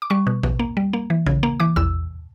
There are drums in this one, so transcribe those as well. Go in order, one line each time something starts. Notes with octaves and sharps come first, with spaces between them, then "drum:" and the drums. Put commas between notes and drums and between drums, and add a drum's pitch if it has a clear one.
D6
G3 C#6
B2
B2, drum: kick A#1
A#3
G3
A#3
E3
C#3, drum: kick A#1
A#3
E3 D6
E2 E6, drum: kick A#1